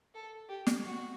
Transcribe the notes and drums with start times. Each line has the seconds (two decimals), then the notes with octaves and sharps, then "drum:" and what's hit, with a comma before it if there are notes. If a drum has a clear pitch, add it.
0.15 A4
0.49 G4
0.67 drum: snare
0.84 F#4